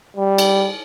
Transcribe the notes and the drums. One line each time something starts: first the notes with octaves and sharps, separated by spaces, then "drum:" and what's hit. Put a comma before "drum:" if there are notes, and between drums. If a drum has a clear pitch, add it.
G3
drum: cymbal